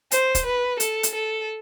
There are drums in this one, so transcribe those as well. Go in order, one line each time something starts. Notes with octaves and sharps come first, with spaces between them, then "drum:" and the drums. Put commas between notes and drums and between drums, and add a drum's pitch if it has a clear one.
C5, drum: hi-hat
drum: kick, hi-hat
B4
A4, drum: hi-hat
drum: hi-hat
A4